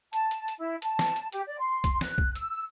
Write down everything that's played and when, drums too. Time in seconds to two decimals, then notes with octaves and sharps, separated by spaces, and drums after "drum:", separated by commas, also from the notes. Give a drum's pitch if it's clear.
0.13 A5, drum: hi-hat
0.31 drum: hi-hat
0.48 drum: hi-hat
0.58 E4
0.82 A5, drum: hi-hat
0.99 drum: snare
1.16 drum: hi-hat
1.32 G4, drum: hi-hat
1.47 D5
1.59 C6
1.84 drum: kick B1, hi-hat
2.01 F#6, drum: snare
2.18 drum: kick B1
2.35 E6, drum: hi-hat
2.49 E6